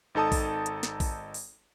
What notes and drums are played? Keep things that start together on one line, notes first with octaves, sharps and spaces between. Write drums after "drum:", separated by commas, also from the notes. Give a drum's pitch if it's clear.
G#1 D#4 A4 A5 D#6
drum: kick A#1, open hi-hat
drum: hi-hat
drum: snare
drum: kick A#1, open hi-hat
drum: open hi-hat